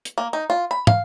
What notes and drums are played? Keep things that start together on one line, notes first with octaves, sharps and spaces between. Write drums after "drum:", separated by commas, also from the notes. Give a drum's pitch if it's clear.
drum: hi-hat
A#3
D#4
F4
B5
F5, drum: tom